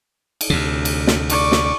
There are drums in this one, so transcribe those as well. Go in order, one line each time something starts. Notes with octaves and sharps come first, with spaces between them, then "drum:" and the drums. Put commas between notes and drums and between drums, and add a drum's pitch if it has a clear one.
drum: cymbal
D2 C3
drum: cymbal
drum: snare
D5 C#6, drum: cymbal
drum: snare